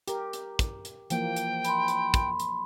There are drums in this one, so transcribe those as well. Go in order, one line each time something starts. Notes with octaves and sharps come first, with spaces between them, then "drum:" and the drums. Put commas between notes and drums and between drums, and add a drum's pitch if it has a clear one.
G4 A#4, drum: hi-hat
drum: hi-hat
drum: kick, hi-hat
drum: hi-hat
E3 F3 A#3 G5, drum: hi-hat
drum: hi-hat
B5 C6, drum: hi-hat
drum: hi-hat
drum: kick, hi-hat
drum: hi-hat